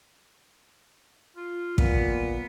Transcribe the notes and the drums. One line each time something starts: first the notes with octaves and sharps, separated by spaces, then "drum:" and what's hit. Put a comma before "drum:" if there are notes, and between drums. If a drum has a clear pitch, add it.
F4
A#2 B3, drum: kick